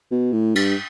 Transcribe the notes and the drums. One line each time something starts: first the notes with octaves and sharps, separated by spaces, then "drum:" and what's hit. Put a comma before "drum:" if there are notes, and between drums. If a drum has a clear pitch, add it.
B2
A2
G2, drum: cymbal